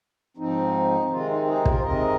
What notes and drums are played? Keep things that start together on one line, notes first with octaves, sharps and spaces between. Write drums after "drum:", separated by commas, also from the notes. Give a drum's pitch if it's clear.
G#2 F3 C4 D#4
C3 D#3 G#3 C4 F4
D#4
D#4 G#4
F4 A#4, drum: kick
C5
C3 D#3 G#3 C4 A#4 D#5